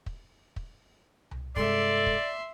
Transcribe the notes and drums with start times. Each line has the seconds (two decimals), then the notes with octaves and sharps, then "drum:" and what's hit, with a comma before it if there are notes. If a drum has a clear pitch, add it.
0.06 drum: kick
0.56 drum: kick
1.31 drum: tom C2
1.56 G2 C3 G#3 A4 D5 E5 C6, drum: kick
2.06 drum: kick